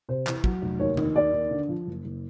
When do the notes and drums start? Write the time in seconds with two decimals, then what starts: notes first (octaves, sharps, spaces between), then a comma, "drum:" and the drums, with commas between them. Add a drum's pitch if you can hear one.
0.09 C3 C5
0.27 E3, drum: clap
0.44 F#3, drum: kick
0.62 F1
0.79 D#2 C#5
0.97 D#3, drum: tom D#3
1.15 D#2 D5
1.33 D#2
1.51 D3
1.69 F3
1.86 F#1
2.05 F#1